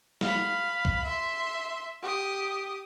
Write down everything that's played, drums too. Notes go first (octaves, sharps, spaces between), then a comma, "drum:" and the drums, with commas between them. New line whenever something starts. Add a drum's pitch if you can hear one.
F5 B5, drum: snare
drum: kick
E5 C6
G4 D#6